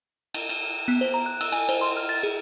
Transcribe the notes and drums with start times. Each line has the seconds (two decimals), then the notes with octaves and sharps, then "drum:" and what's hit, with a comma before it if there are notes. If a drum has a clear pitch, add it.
0.34 drum: cymbal
0.49 drum: cymbal
0.88 B3
1.01 C5
1.14 A#5
1.26 F#6
1.41 E6, drum: cymbal
1.52 G#5, drum: cymbal
1.69 C5, drum: cymbal
1.81 C6
1.97 F6
2.09 A6
2.23 G#4